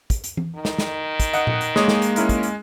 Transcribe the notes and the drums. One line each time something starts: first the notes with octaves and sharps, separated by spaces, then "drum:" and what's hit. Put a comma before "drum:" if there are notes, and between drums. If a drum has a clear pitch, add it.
drum: kick, hi-hat
drum: hi-hat
drum: tom E3
D#3
drum: snare
drum: snare
drum: kick, hi-hat
D#5 F#5 D#6, drum: hi-hat
drum: tom A#2
drum: hi-hat
G#3 A#3 C#5 D#6, drum: snare
drum: snare
drum: hi-hat
C#4 E4 A#4, drum: hi-hat
drum: kick, hi-hat
drum: hi-hat